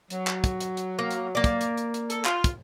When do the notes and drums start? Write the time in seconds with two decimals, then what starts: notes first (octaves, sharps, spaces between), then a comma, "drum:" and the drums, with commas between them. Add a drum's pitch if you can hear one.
0.10 F#3, drum: hi-hat
0.27 drum: clap
0.44 drum: kick, hi-hat
0.60 drum: hi-hat
0.77 drum: hi-hat
0.99 A#3
1.11 drum: hi-hat
1.35 A#3 D5
1.44 drum: kick, hi-hat
1.61 drum: hi-hat
1.77 drum: hi-hat
1.94 drum: hi-hat
2.10 A4, drum: hi-hat
2.25 F4, drum: clap
2.44 drum: kick, hi-hat